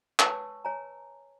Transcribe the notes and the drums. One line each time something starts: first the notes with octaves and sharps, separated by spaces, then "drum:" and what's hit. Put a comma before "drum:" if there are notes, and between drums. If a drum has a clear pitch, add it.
B4 C#5 G#5 A5 C#6 E6, drum: clap
C#5 G#5 A#5